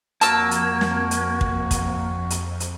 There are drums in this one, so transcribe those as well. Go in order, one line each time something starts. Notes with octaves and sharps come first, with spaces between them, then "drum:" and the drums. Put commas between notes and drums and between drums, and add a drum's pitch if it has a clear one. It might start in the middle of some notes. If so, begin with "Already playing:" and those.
F2 A#3 F#4 A5 E6, drum: hi-hat
drum: hi-hat
drum: snare
drum: hi-hat
drum: kick
drum: kick, hi-hat
drum: hi-hat
drum: hi-hat